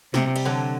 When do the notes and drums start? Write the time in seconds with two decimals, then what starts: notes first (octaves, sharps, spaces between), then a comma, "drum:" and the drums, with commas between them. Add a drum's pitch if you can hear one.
0.14 C3, drum: snare
0.36 G3, drum: cymbal
0.45 D3 F#3